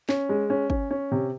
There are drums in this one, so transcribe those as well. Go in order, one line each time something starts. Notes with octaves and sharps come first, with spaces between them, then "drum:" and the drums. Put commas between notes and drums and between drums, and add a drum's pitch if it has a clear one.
C#4, drum: snare
G#3
C#4
C#4, drum: kick
C#4
C3